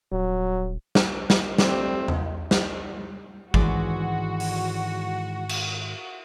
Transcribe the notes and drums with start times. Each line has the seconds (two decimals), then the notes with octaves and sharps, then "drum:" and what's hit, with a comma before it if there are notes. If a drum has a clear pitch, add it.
0.12 D#1 F#3
0.95 drum: snare
1.30 drum: snare
1.58 G3 A3 C4, drum: snare
2.08 drum: tom E2
2.51 drum: snare
3.54 G#2 D#3 E3 G#3 C#4 F#4 D5, drum: kick G#1
4.40 drum: open hi-hat
5.49 drum: cymbal